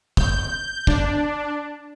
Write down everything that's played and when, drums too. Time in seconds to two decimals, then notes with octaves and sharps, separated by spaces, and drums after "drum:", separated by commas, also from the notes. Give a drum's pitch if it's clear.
0.17 G6, drum: kick
0.87 D4, drum: kick